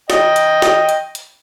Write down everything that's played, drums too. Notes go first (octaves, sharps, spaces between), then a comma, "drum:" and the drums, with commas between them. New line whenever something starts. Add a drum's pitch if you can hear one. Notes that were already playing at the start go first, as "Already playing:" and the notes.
D#5 G5, drum: snare
drum: hi-hat
drum: snare
drum: hi-hat
drum: hi-hat